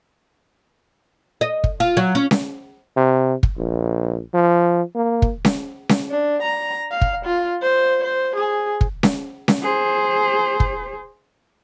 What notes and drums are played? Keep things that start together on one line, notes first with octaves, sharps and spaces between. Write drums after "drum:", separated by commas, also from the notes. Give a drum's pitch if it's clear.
D#5
drum: kick
F4
F#3
C#4
drum: snare C#4
C3
drum: kick
A#1
F3
A#3
drum: kick
drum: snare C#4
drum: snare C#4
D4
A#5
F5
drum: kick
F4
C5
C5
G#4
drum: kick
drum: snare C#4
drum: snare C#4
G#4 C5
drum: kick